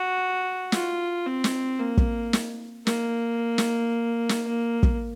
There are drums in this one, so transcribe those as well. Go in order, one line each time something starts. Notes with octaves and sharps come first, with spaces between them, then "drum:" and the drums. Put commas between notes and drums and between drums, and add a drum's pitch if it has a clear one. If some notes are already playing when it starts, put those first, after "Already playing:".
Already playing: F#4
F4, drum: snare
C4
drum: snare
A#3
drum: kick
drum: snare
A#3, drum: snare
drum: snare
drum: snare
A#3
drum: kick